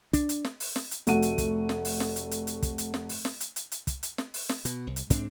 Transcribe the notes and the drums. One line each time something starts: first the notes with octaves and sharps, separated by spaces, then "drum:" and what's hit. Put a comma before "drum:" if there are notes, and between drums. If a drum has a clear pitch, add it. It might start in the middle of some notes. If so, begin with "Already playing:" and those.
D4, drum: kick, hi-hat
drum: hi-hat
drum: snare
drum: open hi-hat
drum: snare
drum: hi-hat
F1 A3 F#4 F#5 D#7, drum: hi-hat
drum: hi-hat
drum: kick, hi-hat
drum: snare
drum: open hi-hat
drum: snare
drum: hi-hat
drum: hi-hat
drum: hi-hat
drum: kick, hi-hat
drum: hi-hat
drum: snare
drum: open hi-hat
drum: snare
drum: hi-hat
drum: hi-hat
drum: hi-hat
drum: kick, hi-hat
drum: hi-hat
drum: snare
drum: open hi-hat
drum: snare
B2, drum: hi-hat
C2
drum: hi-hat
G#2 C4 D4, drum: kick, hi-hat